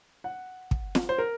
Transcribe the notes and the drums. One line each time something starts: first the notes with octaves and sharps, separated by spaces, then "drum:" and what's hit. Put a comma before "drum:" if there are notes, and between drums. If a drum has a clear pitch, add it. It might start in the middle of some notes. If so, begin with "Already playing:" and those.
F#5
drum: kick
drum: snare
C5
A#4